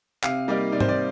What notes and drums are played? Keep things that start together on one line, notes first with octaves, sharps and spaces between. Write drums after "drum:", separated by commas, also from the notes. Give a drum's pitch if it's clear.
C3 F5, drum: clap
G3 A#3 D#4 D5
C3 D5
C5, drum: tom G#2
D5